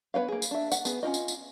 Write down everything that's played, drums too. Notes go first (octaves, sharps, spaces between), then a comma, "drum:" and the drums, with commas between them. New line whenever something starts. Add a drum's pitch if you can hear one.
B3 B4 C#5 F5
A#3 G#4
drum: tambourine
D4 E5
F#5, drum: tambourine
B3 G#4, drum: tambourine
C#4 E4 F4 D#5
drum: tambourine
drum: tambourine